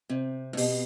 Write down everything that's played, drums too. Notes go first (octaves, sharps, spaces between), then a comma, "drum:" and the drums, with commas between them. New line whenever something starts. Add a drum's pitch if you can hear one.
C3 C4
A2
B2 G4, drum: open hi-hat